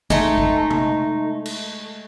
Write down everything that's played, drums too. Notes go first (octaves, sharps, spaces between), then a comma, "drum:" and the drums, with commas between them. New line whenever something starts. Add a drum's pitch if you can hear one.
G#3 A3 D#4, drum: kick G#1
drum: kick G#1
drum: tom C3
drum: cymbal